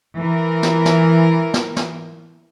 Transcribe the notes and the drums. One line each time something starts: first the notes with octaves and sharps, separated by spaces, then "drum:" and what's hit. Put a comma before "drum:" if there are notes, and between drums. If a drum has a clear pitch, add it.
E3 A#4
drum: snare
drum: snare
drum: snare
drum: snare